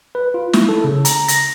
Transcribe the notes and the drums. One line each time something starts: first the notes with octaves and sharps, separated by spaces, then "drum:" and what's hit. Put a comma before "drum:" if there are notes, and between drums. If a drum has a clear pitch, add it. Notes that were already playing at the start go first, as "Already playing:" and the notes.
B4
F4
E4, drum: snare
A4
C#3
A#5, drum: hi-hat
A#6, drum: hi-hat